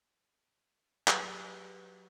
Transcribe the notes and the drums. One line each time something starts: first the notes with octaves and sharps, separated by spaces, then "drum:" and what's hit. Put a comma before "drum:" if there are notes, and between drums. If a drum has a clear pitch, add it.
F#3 G4 G#4 B4, drum: clap